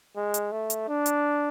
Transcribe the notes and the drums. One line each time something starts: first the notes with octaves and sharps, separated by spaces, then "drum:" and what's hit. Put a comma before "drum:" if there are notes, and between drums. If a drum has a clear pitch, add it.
G#3
drum: hi-hat
A3
drum: hi-hat
D4
drum: hi-hat